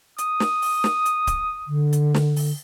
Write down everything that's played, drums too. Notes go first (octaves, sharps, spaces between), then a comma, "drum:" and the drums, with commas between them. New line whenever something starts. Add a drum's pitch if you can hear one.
D#6, drum: hi-hat
drum: snare
drum: open hi-hat
drum: snare
drum: hi-hat
drum: kick D1, hi-hat
D3
drum: hi-hat
drum: snare
drum: open hi-hat